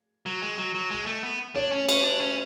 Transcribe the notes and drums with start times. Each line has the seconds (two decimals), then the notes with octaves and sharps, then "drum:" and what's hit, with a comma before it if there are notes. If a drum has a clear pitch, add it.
0.26 F#3
0.42 G#3
0.58 F#3
0.74 F#3
0.90 G#3
1.06 A3
1.23 B3
1.55 D4 C#5
1.72 C#4
1.89 C#4, drum: cymbal
2.04 D4
2.21 C#4